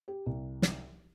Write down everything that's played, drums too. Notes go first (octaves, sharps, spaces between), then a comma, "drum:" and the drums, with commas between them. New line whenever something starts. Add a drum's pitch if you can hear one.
G4
C2
drum: snare